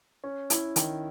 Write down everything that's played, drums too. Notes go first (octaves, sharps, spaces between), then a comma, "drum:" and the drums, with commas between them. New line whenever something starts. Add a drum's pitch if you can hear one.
C#4
E4, drum: hi-hat
D#3, drum: hi-hat